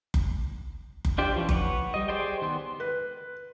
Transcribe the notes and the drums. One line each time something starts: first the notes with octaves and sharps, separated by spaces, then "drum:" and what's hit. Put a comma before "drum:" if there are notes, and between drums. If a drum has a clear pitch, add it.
drum: kick F#1
drum: kick F#1
D4 F4 G4 C5 D5
E3 F3 C#4
B4 C#5 F#5, drum: kick F#1
G3 D#5
G4 G#4 C5 D5 G5
D#3 B3 C6
B4